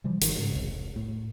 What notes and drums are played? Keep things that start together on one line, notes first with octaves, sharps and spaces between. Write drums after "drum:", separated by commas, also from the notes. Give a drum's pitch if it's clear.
C3 E3 F3 G3
G1 D#3, drum: hi-hat
G#2 C#3
E1 C2
A2